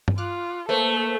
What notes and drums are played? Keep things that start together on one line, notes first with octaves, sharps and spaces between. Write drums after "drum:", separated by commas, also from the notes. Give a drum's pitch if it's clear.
drum: tom G2
F4 D6 F6 F#6
A3 A#3 A4 B4 C5